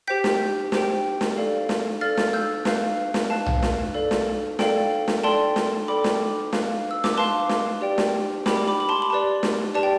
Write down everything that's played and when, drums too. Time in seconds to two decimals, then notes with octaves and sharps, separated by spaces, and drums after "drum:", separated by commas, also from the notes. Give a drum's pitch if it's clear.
0.07 G4 C5 G5 G6 B6
0.24 drum: snare
0.72 G4 C5 G5, drum: snare
1.21 drum: snare
1.36 A4 D5 F5
1.69 drum: snare
2.01 A4 D5 F5 F6 A6
2.17 drum: snare
2.33 E6 G6
2.65 B4 F5, drum: snare
3.14 drum: snare
3.30 B4 F5 A5
3.46 drum: tom B1
3.63 drum: snare
3.94 A4 D5 F5
4.11 drum: snare
4.59 A4 D5 F5 G5, drum: snare
5.08 drum: snare
5.23 A4 D5 G5 A5 C6
5.56 drum: snare
5.88 A4 D5 G5 B5 D6
6.04 drum: snare
6.53 B4 F5, drum: snare
6.91 E6
7.04 D6, drum: snare
7.17 B4 F5 A5 C6
7.49 drum: snare
7.81 G4 D5 G5
7.98 drum: snare
8.46 G4 D5 G5 B5 D6, drum: snare
8.68 B5 D6
8.80 B5
8.89 A5 C6
9.02 B5
9.10 G4 B4 D5 A5
9.43 drum: snare
9.75 G4 B4 D5 A5
9.83 G5